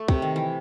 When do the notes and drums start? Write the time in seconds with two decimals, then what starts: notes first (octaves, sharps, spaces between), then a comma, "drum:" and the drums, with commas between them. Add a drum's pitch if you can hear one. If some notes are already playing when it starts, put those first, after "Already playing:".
Already playing: A3
0.08 C3, drum: kick
0.22 D#3
0.36 E3